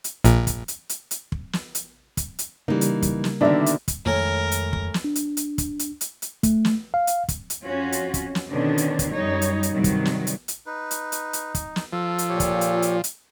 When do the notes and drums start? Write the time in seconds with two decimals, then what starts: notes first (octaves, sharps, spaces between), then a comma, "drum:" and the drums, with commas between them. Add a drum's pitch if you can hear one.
0.04 drum: hi-hat
0.24 A#1 A#2, drum: hi-hat
0.47 drum: kick, hi-hat
0.68 drum: hi-hat
0.89 drum: hi-hat
1.11 drum: hi-hat
1.32 drum: kick
1.53 drum: snare
1.75 drum: hi-hat
2.17 drum: kick, hi-hat
2.39 drum: hi-hat
2.68 C#3 E3 G3 A#3 D#4
2.81 drum: hi-hat
3.02 drum: kick, hi-hat
3.24 drum: snare
3.41 B2 D3 D#3 A#3 B3 D4 D5 E5
3.66 drum: hi-hat
3.88 drum: kick, hi-hat
4.05 F2 A2 D#3 G#3 C#4 A#4
4.52 drum: hi-hat
4.73 drum: kick
4.94 drum: snare
5.04 D4
5.15 drum: hi-hat
5.37 drum: hi-hat
5.58 drum: kick, hi-hat
5.79 drum: hi-hat
6.01 drum: hi-hat
6.22 drum: hi-hat
6.43 A3, drum: kick, hi-hat
6.65 drum: snare
6.94 F5
7.07 drum: hi-hat
7.29 drum: kick, hi-hat
7.50 drum: hi-hat
7.62 F2 C#4 F4 F#4
7.92 drum: hi-hat
8.14 drum: kick, hi-hat
8.35 drum: snare
8.50 B2 D3 D#3 C#4 D4
8.78 drum: hi-hat
8.99 drum: kick, hi-hat
9.11 F#2 G3 D#4 C#5
9.42 drum: hi-hat
9.63 drum: hi-hat
9.74 G2 C3 D#3 F#3 G3
9.84 drum: kick, hi-hat
10.05 drum: snare
10.27 drum: hi-hat
10.48 drum: hi-hat
10.66 D#4 B4
10.91 drum: hi-hat
11.12 drum: hi-hat
11.33 drum: hi-hat
11.55 drum: kick, hi-hat
11.76 drum: snare
11.93 F3 A4
12.18 drum: hi-hat
12.29 A#2 G4 C#5
12.40 drum: kick, hi-hat
12.61 drum: hi-hat
12.82 drum: hi-hat
13.04 drum: hi-hat